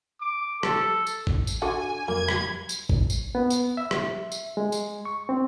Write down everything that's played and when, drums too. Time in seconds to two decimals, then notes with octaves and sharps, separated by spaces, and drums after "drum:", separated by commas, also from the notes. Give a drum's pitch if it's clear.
0.21 D6
0.63 A4, drum: rim click
1.07 drum: tambourine
1.27 drum: kick
1.47 drum: tambourine
1.62 D3 F#4 A4 G#5
2.08 F2 F#3 A#3 F5 G#6
2.28 drum: rim click
2.69 drum: tambourine
2.89 drum: kick
3.10 drum: tambourine
3.35 B3
3.50 drum: tambourine
3.77 E5
3.91 drum: rim click
4.32 drum: tambourine
4.57 G#3
4.72 drum: tambourine
5.05 C#6
5.29 C4